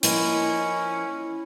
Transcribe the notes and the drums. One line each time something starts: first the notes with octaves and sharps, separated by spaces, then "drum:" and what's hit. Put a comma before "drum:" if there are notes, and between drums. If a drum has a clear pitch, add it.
F3 A#3 C#4 E4 D#5, drum: hi-hat